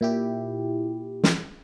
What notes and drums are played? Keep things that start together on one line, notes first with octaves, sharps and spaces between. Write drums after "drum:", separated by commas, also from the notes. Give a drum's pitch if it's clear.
A#2 E4 G4
drum: snare